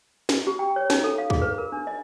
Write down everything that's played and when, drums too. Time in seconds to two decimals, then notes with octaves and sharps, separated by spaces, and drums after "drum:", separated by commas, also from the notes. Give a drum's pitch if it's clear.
0.29 drum: snare
0.47 G4
0.59 G5
0.76 C#5
0.90 D#4, drum: snare
1.04 A4
1.18 F5
1.30 G#4, drum: kick
1.42 B4
1.58 A#4
1.72 D4
1.87 D#5